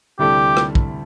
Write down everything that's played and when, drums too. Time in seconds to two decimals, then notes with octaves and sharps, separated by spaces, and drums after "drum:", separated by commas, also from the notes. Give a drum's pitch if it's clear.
0.19 D2 C3 G3 E4 G4 A4
0.57 drum: rim click
0.75 drum: kick